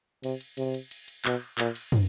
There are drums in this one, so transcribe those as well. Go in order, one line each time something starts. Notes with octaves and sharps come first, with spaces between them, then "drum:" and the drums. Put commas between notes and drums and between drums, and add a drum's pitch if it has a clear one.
C3, drum: cymbal
drum: cymbal
C3, drum: cymbal
drum: cymbal
drum: cymbal
drum: cymbal
B2, drum: clap
A#2, drum: clap
drum: cymbal
drum: tom